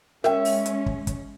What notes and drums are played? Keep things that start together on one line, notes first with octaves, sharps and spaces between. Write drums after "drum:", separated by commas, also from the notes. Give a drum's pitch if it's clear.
G#3 C#4 A#4 E5 G5, drum: snare
drum: open hi-hat
drum: hi-hat
drum: kick
drum: kick, hi-hat